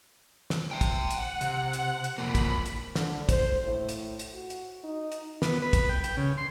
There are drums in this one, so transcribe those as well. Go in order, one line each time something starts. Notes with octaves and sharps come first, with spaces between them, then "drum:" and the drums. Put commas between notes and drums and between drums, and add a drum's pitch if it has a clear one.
drum: snare
E5 G5
drum: kick, hi-hat
F#5, drum: hi-hat
C3, drum: hi-hat
drum: hi-hat
drum: hi-hat
F2 A#2 A#3 B5
drum: kick, hi-hat
drum: hi-hat
D3, drum: snare
C5, drum: kick, hi-hat
A2
drum: hi-hat
drum: hi-hat
F#4
drum: hi-hat
D#4
drum: hi-hat
B3, drum: snare
B4
drum: kick, hi-hat
G5
G5, drum: hi-hat
C#3
C6